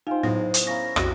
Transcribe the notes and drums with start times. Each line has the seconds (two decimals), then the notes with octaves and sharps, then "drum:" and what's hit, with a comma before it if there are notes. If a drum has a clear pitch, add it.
0.07 D#4 F4 C5 F5 G5 G#5
0.23 A2 F#3 B3 E4 G#4
0.54 drum: hi-hat
0.67 C#4 E4 A#4 F5 A#6
0.96 B1 F2 F#4 G4 F#5, drum: rim click